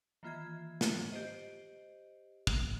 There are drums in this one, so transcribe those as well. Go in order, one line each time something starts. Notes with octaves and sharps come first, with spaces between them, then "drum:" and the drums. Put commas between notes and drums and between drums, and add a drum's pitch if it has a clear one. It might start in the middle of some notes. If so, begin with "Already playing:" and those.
D#3 E3 A#3 F4 E5 G#6
drum: snare
G4 C5 D#5
drum: kick